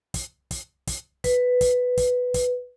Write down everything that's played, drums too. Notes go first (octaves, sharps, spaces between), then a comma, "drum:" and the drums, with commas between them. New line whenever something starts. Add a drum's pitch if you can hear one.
drum: kick, hi-hat
drum: kick, hi-hat
drum: kick, hi-hat
B4, drum: kick, hi-hat
drum: kick, hi-hat
drum: kick, hi-hat
drum: kick, hi-hat